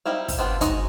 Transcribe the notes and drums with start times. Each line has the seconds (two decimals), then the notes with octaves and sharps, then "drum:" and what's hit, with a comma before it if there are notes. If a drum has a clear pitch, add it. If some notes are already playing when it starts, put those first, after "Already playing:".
0.05 G3 C4 D#4 E4 F5
0.28 drum: kick, open hi-hat
0.39 B3 C4 D4 F4
0.61 G#3 D#4 F#4 D#5 F#5, drum: kick, hi-hat